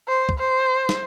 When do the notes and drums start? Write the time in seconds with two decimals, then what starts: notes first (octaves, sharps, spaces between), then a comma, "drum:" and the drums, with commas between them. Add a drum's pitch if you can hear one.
0.08 C5
0.29 drum: kick
0.39 C5
0.89 drum: snare